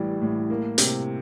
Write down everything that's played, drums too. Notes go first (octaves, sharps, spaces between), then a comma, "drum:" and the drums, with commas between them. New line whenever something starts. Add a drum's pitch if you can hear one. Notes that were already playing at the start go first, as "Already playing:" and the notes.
Already playing: A1 A2 E3 G3
A2
A#3
C3, drum: hi-hat